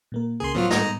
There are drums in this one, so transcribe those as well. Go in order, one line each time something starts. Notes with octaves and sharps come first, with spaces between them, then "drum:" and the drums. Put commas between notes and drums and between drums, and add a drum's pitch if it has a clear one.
A#2 A#3 A#4
C#2 C#3 G#4 A#4 C6
A2 F3 F#3 B3 F4
G#2 D#5 A#5, drum: snare